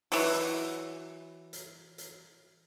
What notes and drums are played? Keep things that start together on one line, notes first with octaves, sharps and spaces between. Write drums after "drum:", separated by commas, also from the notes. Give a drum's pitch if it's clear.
E3 F#3, drum: open hi-hat
drum: hi-hat
drum: hi-hat